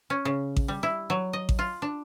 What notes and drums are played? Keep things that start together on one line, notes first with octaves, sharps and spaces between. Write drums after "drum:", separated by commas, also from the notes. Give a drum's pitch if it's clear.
C#4
C#3
drum: kick A1
G3
E4
F#3
D#5
drum: kick A1
F4
D4